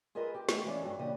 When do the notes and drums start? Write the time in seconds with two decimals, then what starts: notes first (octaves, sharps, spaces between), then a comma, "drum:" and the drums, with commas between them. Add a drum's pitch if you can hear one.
0.15 F4 G#4 A#4 B4 D#5 E5
0.34 G4
0.49 D#3 A3 B3 F#4 G5, drum: snare
0.66 E3 G#3 B3 C#4 F4 D5
0.82 G2 F#4 A4
0.99 A#2 C#3 E3 D4 G4 D#5